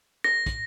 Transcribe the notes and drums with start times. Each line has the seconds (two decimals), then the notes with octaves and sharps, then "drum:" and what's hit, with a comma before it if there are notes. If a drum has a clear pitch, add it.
0.24 A#6, drum: rim click
0.46 drum: kick, hi-hat